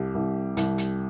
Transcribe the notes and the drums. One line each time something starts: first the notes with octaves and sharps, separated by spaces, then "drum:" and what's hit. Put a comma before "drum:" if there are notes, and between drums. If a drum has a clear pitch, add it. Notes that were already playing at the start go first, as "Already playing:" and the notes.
Already playing: C2 G4
C2
C2, drum: hi-hat
drum: hi-hat